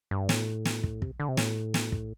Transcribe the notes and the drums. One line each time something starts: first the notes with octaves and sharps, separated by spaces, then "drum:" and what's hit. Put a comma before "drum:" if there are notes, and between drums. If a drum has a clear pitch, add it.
G2
A2, drum: snare
drum: snare
drum: kick
C3, drum: kick
D3
C3
A2, drum: snare
drum: snare
drum: kick